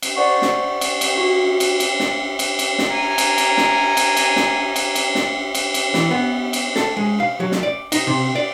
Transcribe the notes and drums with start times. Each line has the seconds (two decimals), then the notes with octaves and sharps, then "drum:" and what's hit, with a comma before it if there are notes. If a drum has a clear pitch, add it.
0.02 drum: cymbal
0.16 C5 D5 F#5 C#6
0.42 drum: snare
0.81 drum: cymbal
1.01 drum: cymbal
1.17 F#4
1.60 drum: cymbal
1.80 drum: cymbal
2.00 drum: snare
2.39 drum: cymbal
2.59 drum: cymbal
2.79 drum: snare
2.89 A#4 G#5
3.18 drum: cymbal
3.38 drum: cymbal
3.57 drum: snare
3.97 drum: cymbal
4.17 drum: cymbal
4.36 drum: snare
4.76 drum: cymbal
4.95 drum: cymbal
5.15 drum: snare
5.55 drum: cymbal
5.74 drum: cymbal
5.94 E3, drum: snare
6.11 B3
6.53 drum: cymbal
6.76 A4, drum: snare
6.97 G#3
7.20 F5
7.40 F#3
7.52 drum: snare
7.63 D5
7.92 D#4, drum: cymbal
8.07 C3
8.35 D5